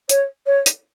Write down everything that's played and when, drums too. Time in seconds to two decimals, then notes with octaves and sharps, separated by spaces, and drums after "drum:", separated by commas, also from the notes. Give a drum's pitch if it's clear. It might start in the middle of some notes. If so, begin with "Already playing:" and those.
0.09 C#5, drum: hi-hat
0.46 C#5
0.66 drum: hi-hat